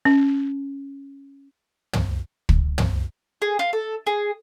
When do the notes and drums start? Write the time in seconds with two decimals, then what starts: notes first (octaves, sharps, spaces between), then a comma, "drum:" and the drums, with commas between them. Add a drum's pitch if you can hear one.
0.05 C#4
1.93 drum: tom
2.49 drum: kick
2.78 drum: tom
3.42 G#4
3.59 F4
3.73 A4
4.07 G#4